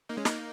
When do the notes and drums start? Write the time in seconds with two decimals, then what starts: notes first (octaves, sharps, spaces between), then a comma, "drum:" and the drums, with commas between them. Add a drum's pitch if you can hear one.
0.09 A#3 D#4
0.17 G#3 C#4
0.25 A#3 D#4, drum: snare